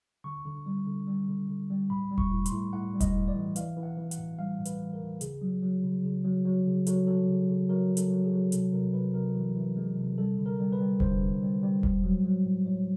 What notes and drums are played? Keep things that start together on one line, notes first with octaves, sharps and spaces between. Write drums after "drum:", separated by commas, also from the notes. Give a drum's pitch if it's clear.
D3 C#6
D3
G3
D3
G3
D3
D3
G3
A2 B5
G3
C#6, drum: kick E1
A2
C6, drum: hi-hat
A2
A2 F#5
G3
D#5, drum: kick E1, hi-hat
A2
D5
E3
E3 F5, drum: hi-hat
E3
F#5
E3
F#5, drum: hi-hat
A2
G3 F5
A2
B4, drum: hi-hat
E3
A#4
E3
C#3 G#4, drum: hi-hat
F#3
F#3
C#3
C#3
F#3
F#3
C#3
F#3 A4, drum: hi-hat
F#3 A4
C#3
C#3
F#3 A#4
C#3
A4, drum: hi-hat
F#3
G#4
F#3
C3 A4, drum: hi-hat
C3 A#4
C3 B4
C3 A#4
E3
E3
G#3
C3
G3 A4
D3
A#4
G3
B4
G3
D3 C5, drum: kick E1
D3
G3
G3
A2, drum: kick E1
F#3
F#3
A2
A2 C#5